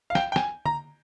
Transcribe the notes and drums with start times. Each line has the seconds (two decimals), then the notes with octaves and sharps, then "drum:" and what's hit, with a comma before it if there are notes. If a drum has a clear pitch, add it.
0.10 F5
0.15 G5, drum: snare
0.32 G5
0.36 G#5, drum: snare
0.66 A#5, drum: tom D3